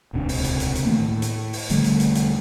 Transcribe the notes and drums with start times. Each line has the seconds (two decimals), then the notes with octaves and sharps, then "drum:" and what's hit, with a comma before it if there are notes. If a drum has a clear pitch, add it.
0.13 D#1 C#2 C3 D4
0.29 drum: open hi-hat
0.44 drum: hi-hat
0.60 drum: hi-hat
0.75 drum: hi-hat
0.85 D#3 A3 A#3
0.99 A2
1.22 drum: hi-hat
1.53 drum: open hi-hat
1.70 E1 D3 G3 A3, drum: hi-hat
1.84 drum: hi-hat
2.00 drum: hi-hat
2.15 drum: hi-hat